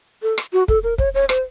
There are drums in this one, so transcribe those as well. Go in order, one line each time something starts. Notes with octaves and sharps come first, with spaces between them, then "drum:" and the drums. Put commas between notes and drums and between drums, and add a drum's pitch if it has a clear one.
A4
drum: rim click
F#4
A4, drum: kick
A#4
C#5, drum: kick
C#5
C5, drum: rim click